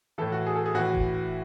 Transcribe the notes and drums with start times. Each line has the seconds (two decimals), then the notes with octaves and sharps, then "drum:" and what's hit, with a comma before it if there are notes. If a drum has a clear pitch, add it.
0.18 A2 E3 A4
0.32 F#4
0.46 G#4
0.56 A4
0.66 G#4
0.74 A2 E3 F#4
0.95 drum: kick E1